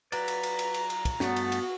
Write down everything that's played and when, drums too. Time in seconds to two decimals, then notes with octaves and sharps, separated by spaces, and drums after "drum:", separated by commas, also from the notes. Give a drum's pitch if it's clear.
0.12 F#3 F#4 B4 D5 A#5, drum: cymbal
0.28 drum: cymbal
0.43 drum: cymbal
0.59 drum: cymbal
0.74 drum: cymbal
0.90 drum: cymbal
1.05 drum: kick, cymbal
1.20 G2 A3 B3 F#4, drum: snare
1.36 drum: cymbal
1.52 drum: cymbal